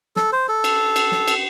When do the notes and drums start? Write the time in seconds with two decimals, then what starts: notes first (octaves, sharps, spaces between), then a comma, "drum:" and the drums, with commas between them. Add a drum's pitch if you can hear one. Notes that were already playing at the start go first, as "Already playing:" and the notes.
0.16 A4, drum: snare
0.33 C5
0.49 A4
0.64 drum: cymbal
0.96 drum: cymbal
1.12 drum: snare
1.28 drum: cymbal